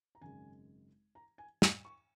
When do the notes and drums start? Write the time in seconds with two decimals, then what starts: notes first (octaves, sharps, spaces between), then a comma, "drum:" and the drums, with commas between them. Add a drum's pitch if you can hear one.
0.15 A#5
0.21 G#1 F#2 C#3 G#3 G#5
1.15 A#5
1.38 G#5
1.62 F#5, drum: snare
1.85 C#6